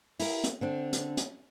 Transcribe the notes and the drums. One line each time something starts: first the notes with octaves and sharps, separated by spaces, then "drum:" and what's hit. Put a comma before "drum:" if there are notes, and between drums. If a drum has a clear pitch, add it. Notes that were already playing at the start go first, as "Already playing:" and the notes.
E4 A#4, drum: open hi-hat
drum: hi-hat
D3 C4 D4
drum: hi-hat
drum: hi-hat